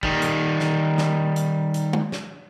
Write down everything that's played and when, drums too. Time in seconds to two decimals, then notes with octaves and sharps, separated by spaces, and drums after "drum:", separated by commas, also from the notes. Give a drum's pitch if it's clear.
0.03 D#3 G3, drum: kick
0.22 drum: hi-hat
0.60 drum: snare
0.98 drum: snare
1.36 drum: hi-hat
1.74 drum: hi-hat
1.93 drum: tom
2.12 drum: snare